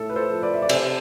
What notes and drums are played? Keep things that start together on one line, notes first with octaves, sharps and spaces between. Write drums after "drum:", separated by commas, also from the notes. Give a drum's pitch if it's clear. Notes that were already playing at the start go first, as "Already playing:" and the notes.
Already playing: A2 A4
B4
A4 C5
F3
B4 D5
E5
D5
C3 A4 C5, drum: cymbal